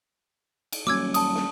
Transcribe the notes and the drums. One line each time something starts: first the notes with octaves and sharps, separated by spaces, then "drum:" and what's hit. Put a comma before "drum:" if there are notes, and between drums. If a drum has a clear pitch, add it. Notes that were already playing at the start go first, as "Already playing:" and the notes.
drum: cymbal
F#3 G3 A#3 C#4 D6 E6 G#6
A5 D#6, drum: cymbal
drum: snare